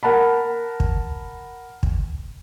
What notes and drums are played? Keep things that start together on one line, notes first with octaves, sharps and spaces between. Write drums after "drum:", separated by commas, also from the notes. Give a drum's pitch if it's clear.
A#4 F#5 A5 B5
drum: kick
drum: kick